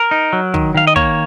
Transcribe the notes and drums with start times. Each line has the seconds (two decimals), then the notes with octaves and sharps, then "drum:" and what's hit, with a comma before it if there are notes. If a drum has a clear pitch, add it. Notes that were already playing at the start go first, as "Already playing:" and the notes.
Already playing: A#4
0.11 D#4
0.33 F#3
0.54 D#3, drum: kick
0.74 D#3 F5
0.87 D#5
0.96 A#3 C#5, drum: kick